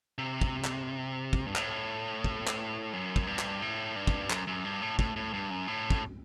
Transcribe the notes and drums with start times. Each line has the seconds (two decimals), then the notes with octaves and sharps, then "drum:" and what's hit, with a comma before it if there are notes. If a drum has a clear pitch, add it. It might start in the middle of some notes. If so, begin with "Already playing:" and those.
0.18 C3
0.41 drum: kick
0.64 drum: clap
1.33 drum: kick
1.46 G2
1.56 A2, drum: clap
2.24 drum: kick
2.47 drum: clap
2.93 F#2
3.16 drum: kick
3.27 G2
3.39 drum: clap
3.62 A2
3.96 G2
4.07 drum: kick
4.30 F#2, drum: clap
4.47 F#2
4.65 G2
4.82 A2
4.99 A2, drum: kick
5.16 A2
5.33 G2
5.50 F#2
5.68 A2
5.90 drum: kick